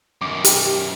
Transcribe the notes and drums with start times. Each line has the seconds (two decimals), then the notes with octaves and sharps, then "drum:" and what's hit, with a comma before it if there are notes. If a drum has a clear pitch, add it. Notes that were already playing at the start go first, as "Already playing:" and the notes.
0.22 F#2 D#3 D6
0.44 G4, drum: hi-hat